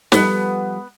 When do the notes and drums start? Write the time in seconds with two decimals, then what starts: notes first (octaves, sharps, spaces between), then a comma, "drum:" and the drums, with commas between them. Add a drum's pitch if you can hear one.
0.12 F3 G3 B3 A4, drum: snare